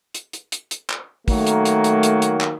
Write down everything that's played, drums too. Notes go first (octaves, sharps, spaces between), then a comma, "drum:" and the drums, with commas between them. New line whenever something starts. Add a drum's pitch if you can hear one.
drum: hi-hat
drum: hi-hat
drum: hi-hat
drum: hi-hat
drum: clap
D#3 F#3 A3 A#3, drum: kick, open hi-hat
drum: hi-hat
drum: hi-hat
drum: hi-hat
drum: hi-hat
drum: hi-hat
drum: clap